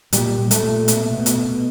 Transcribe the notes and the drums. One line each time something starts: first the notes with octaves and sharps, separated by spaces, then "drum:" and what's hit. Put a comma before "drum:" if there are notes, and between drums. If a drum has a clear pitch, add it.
A#2 G3, drum: hi-hat
A#2
A3, drum: hi-hat
A#2
B2 A3, drum: hi-hat
B2
drum: hi-hat
B2